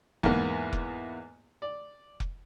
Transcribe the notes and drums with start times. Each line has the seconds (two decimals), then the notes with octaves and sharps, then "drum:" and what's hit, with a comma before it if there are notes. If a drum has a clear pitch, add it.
0.23 E2 G#2 A#3 B3, drum: kick F1
0.73 drum: kick F1
1.62 D5
2.20 drum: kick F1